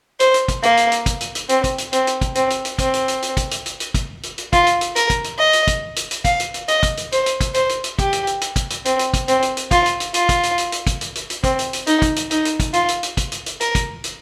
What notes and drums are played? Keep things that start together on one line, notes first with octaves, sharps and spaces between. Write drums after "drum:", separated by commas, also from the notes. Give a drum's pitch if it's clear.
C5, drum: hi-hat
drum: hi-hat
drum: kick, hi-hat
A#3, drum: hi-hat
drum: hi-hat
drum: hi-hat
drum: kick, hi-hat
drum: hi-hat
drum: hi-hat
C4, drum: hi-hat
drum: kick, hi-hat
drum: hi-hat
C4, drum: hi-hat
drum: hi-hat
drum: kick, hi-hat
C4, drum: hi-hat
drum: hi-hat
drum: hi-hat
C4, drum: kick, hi-hat
drum: hi-hat
drum: hi-hat
drum: hi-hat
drum: kick, hi-hat
drum: hi-hat
drum: hi-hat
drum: hi-hat
drum: kick, hi-hat
drum: hi-hat
drum: hi-hat
F4, drum: kick, hi-hat
drum: hi-hat
drum: hi-hat
A#4, drum: hi-hat
drum: kick, hi-hat
drum: hi-hat
D#5
drum: hi-hat
drum: kick, hi-hat
drum: hi-hat
drum: hi-hat
F5, drum: kick, hi-hat
drum: hi-hat
drum: hi-hat
D#5, drum: hi-hat
drum: kick, hi-hat
drum: hi-hat
C5, drum: hi-hat
drum: hi-hat
drum: kick, hi-hat
C5, drum: hi-hat
drum: hi-hat
drum: hi-hat
G4, drum: kick, hi-hat
drum: hi-hat
drum: hi-hat
drum: hi-hat
drum: kick, hi-hat
drum: hi-hat
C4, drum: hi-hat
drum: hi-hat
drum: kick, hi-hat
C4, drum: hi-hat
drum: hi-hat
drum: hi-hat
F4, drum: kick, hi-hat
drum: hi-hat
drum: hi-hat
F4, drum: hi-hat
drum: kick, hi-hat
drum: hi-hat
drum: hi-hat
drum: hi-hat
drum: kick, hi-hat
drum: hi-hat
drum: hi-hat
drum: hi-hat
C4, drum: kick, hi-hat
drum: hi-hat
drum: hi-hat
D#4, drum: hi-hat
drum: kick, hi-hat
drum: hi-hat
D#4, drum: hi-hat
drum: hi-hat
drum: kick, hi-hat
F4, drum: hi-hat
drum: hi-hat
drum: hi-hat
drum: kick, hi-hat
drum: hi-hat
drum: hi-hat
A#4, drum: hi-hat
drum: kick, hi-hat
drum: hi-hat